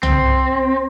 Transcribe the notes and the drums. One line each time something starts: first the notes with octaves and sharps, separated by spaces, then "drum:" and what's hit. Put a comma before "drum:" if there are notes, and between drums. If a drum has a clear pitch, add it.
C4, drum: tom C2